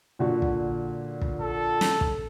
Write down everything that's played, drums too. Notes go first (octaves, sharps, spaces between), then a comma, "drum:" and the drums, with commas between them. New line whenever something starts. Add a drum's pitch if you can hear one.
A#2 D3 F#4
drum: kick
drum: kick
A4
drum: snare
drum: kick